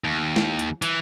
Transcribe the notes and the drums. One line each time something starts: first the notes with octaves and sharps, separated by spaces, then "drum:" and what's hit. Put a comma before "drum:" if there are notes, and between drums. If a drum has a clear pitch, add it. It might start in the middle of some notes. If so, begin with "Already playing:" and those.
D#2
drum: snare
drum: hi-hat
E3, drum: hi-hat